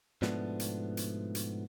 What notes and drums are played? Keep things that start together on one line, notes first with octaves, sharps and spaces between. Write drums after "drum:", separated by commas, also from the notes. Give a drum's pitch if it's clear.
G#2 B2 F3 A3 B3 D4, drum: snare
drum: hi-hat
drum: hi-hat
drum: hi-hat